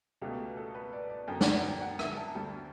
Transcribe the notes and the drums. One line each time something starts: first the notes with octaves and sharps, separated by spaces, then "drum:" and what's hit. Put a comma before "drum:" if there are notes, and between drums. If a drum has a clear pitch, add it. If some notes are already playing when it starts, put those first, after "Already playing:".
C#2 B2 A3 G4
A4
B4
D5
D5
F#2 D3 F#3 B3 G5
F#5, drum: snare
F#5
G5
F#5
E5, drum: rim click
A5
D2 D3 G3 G5